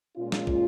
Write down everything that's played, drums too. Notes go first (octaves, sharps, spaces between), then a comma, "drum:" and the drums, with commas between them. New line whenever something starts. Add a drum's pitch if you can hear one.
A#2 G#3 C#4 F4
drum: snare
drum: kick